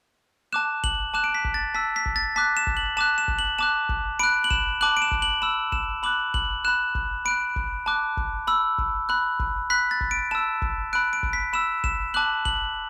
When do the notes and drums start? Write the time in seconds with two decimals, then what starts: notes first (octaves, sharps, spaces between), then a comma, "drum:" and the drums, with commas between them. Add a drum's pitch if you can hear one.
0.53 A5 D6 F#6 E7
0.84 F#7, drum: kick G1
1.14 A5 D6 F#6 E7
1.24 D7
1.34 B6
1.45 drum: kick G1
1.54 A6
1.75 A5 E6 B6
1.96 B6
2.06 drum: kick G1
2.16 A6
2.36 A5 D6 F#6 B6
2.57 E7
2.67 drum: kick G1
2.77 F#7
2.97 A5 D6 F#6 E7
3.18 E7
3.28 drum: kick G1
3.39 F#7
3.59 A5 D6 F#6 E7
3.89 drum: kick G1
4.19 B5 F#6 D7
4.44 F#7
4.51 E7, drum: kick G1
4.81 A5 D6 F#6 F#7
4.97 D7
5.02 E7
5.11 drum: kick G1
5.22 F#7
5.42 B5 E6 E7
5.72 E7, drum: kick G1
6.03 B5 D6 F#6 F#7
6.34 F#7, drum: kick G1
6.65 B5 F#6 E7
6.95 drum: kick G1
7.25 B5 F#6 D7
7.56 drum: kick G1
7.86 A5 D6 F#6
8.17 drum: kick G1
8.47 B5 E6
8.78 drum: kick G1
9.09 B5 F#6
9.40 drum: kick G1
9.70 B5 F#6 B6
9.91 A6
10.01 drum: kick G1
10.11 D7
10.31 A5 E6 E7
10.62 drum: kick G1
10.93 B5 F#6 D7
11.13 D7
11.23 drum: kick G1
11.33 B6
11.53 B5 E6 E7
11.84 E7, drum: kick G1
12.14 A5 D6 F#6 F#7
12.45 F#7, drum: kick G1